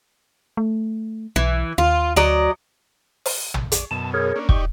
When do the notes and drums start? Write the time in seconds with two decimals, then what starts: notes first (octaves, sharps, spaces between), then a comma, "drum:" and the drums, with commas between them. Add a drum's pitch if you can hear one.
0.57 A3
1.36 B1 E3
1.78 D#2 F4
2.16 D2 F#3 D5 D#5
3.26 drum: open hi-hat
3.54 drum: tom
3.72 D5, drum: hi-hat
3.91 F#2 B2 A5
4.14 G#4 A#4 C#5
4.36 A#3 C#4 D4
4.49 D#4 G4 D5 C#6, drum: kick